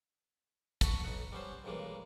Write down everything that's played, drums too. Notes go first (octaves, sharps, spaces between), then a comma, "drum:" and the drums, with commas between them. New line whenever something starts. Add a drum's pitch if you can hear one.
F#4 A4 B5 C#6, drum: kick, hi-hat
B1 D#4 F#5
G3 B3 C#4 C5
B1 G2 C#3 E3 G#3 A#3